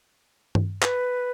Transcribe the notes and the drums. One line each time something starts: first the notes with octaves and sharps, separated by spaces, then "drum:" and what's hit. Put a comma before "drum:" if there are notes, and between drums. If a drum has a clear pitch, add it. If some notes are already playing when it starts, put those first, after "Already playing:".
drum: tom G2
B4, drum: clap